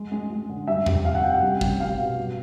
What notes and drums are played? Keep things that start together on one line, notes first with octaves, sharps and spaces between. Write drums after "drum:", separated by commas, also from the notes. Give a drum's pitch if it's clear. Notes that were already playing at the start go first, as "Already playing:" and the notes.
Already playing: G#3
G#3
G#3
D3
G3 E5
C3, drum: tom E2
C3 F5
F#5
C3 G5
F#5
G3 G5
G3, drum: kick
G3 F5
B2
F#3